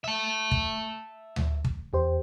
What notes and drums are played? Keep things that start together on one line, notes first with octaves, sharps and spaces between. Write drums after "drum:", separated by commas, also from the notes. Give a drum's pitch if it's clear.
E5 A5
drum: kick
drum: tom D2
drum: kick
E2 G4 C5